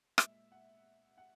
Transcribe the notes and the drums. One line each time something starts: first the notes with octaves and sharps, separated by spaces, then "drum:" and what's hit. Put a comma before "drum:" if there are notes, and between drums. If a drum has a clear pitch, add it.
A#2 G#3 E5, drum: rim click
F#5
F#5